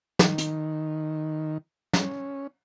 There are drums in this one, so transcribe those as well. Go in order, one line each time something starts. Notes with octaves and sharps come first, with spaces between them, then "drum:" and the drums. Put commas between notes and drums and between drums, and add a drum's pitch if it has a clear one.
D#3, drum: snare
drum: hi-hat
C#4, drum: snare